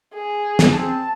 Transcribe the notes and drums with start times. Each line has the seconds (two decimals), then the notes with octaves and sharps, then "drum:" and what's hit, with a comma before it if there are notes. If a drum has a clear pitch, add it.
0.14 G#4
0.59 drum: snare
0.72 C4 A5